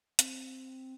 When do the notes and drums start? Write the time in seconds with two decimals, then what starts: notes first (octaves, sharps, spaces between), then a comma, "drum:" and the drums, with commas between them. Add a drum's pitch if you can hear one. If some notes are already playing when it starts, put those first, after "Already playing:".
0.19 C4, drum: hi-hat